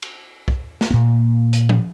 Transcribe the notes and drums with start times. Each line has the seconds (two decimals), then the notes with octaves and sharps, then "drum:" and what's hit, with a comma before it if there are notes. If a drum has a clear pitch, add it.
0.02 drum: cymbal
0.48 drum: kick
0.81 drum: snare
0.91 A#2 A#3
1.53 drum: hi-hat
1.69 drum: tom F3